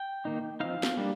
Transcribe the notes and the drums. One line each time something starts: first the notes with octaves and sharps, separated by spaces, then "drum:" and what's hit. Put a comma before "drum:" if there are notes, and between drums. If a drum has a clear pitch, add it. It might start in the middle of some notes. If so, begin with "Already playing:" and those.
Already playing: G5
D#3 A#3 D#4
F3 C4 D#4 F5
drum: snare
G3 A#3 D4